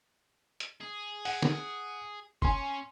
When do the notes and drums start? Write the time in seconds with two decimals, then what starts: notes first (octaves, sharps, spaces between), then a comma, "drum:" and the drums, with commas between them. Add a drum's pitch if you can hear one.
0.60 drum: hi-hat
0.81 G#4
1.25 F#5, drum: open hi-hat
1.42 drum: snare
2.42 C#4 G#5 C6, drum: kick